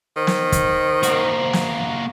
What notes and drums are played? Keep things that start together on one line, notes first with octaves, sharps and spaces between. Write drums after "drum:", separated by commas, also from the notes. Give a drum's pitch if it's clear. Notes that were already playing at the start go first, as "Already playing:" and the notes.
D#3 C5
drum: snare
drum: kick, hi-hat
A#3 F#4, drum: hi-hat
drum: snare